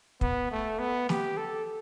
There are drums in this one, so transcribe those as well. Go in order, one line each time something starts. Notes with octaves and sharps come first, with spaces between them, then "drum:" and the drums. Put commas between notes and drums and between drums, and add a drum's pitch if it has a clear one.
B3, drum: kick
A3
B3
G4, drum: snare
A4